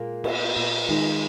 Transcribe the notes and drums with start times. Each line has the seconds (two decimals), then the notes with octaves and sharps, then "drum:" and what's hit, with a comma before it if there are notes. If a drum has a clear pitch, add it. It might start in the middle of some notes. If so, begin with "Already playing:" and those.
Already playing: A#2 G#3 A#3
0.24 B3, drum: cymbal
0.56 A#2
0.89 D#3 G#3